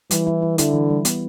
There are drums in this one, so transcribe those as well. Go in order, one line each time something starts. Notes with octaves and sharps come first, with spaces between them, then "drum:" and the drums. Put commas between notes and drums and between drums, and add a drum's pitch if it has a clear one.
E3 G3, drum: hi-hat
E4
E4
D3 E4, drum: hi-hat
E3
G3
B3, drum: hi-hat